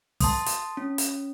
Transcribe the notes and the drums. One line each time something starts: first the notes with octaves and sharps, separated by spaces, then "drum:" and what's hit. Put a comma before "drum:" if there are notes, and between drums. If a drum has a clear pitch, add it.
A5 C6 D#6, drum: kick, open hi-hat
drum: hi-hat
C#4
drum: hi-hat